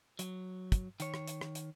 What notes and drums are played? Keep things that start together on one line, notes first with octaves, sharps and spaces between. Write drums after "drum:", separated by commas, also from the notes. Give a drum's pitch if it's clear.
F#3, drum: hi-hat
drum: kick, hi-hat
D#3 C#5, drum: hi-hat
drum: rim click
drum: hi-hat
drum: rim click
drum: hi-hat